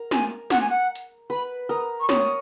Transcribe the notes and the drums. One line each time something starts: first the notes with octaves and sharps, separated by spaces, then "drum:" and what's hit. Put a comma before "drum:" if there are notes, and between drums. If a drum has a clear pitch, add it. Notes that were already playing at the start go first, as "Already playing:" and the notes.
Already playing: A#4
G#5, drum: snare
F#5, drum: snare
G#5
F#5
drum: hi-hat
B4 B5
A#4 D#6
C#6
C#5 D#6, drum: snare